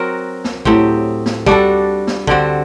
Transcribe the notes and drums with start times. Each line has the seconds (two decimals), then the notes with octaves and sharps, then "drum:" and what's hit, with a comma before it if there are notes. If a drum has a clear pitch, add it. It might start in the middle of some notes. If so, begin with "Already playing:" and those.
Already playing: F#3 C4 F#4 A#4
0.44 drum: snare
0.65 A2 F#3 C4 G4, drum: kick
1.26 drum: snare
1.46 G3 D4 F#4 A4, drum: kick
2.07 drum: snare
2.27 D3 G3 C4 F#4, drum: kick